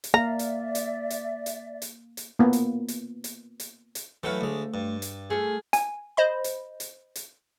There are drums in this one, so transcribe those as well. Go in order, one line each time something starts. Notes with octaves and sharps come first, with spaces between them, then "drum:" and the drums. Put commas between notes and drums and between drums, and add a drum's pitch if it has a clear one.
drum: hi-hat
A#3 D5 E5 F5 A#5
drum: hi-hat
drum: hi-hat
drum: hi-hat
drum: hi-hat
drum: hi-hat
drum: hi-hat
A#3 B3
drum: hi-hat
drum: hi-hat
drum: hi-hat
drum: hi-hat
drum: hi-hat
E3 F#3 A3 B4 C#5 F5
D2 G#3
G2
drum: hi-hat
A3 F4 G#4
G#5, drum: hi-hat
C5 D#5 B5
drum: hi-hat
drum: hi-hat
drum: hi-hat